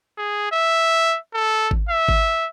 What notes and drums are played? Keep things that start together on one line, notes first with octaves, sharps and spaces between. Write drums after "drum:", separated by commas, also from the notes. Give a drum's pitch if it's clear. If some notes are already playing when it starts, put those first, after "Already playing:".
G#4
E5
A4
drum: kick G#1
E5
drum: kick G#1